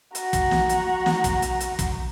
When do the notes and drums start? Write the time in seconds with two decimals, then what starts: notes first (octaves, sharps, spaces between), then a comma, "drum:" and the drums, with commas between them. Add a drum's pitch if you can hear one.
0.15 F#4 A#5, drum: hi-hat
0.33 drum: kick, hi-hat
0.51 drum: snare
0.69 drum: hi-hat
1.06 drum: snare
1.24 drum: kick, hi-hat
1.42 drum: hi-hat
1.61 drum: hi-hat
1.79 drum: kick, hi-hat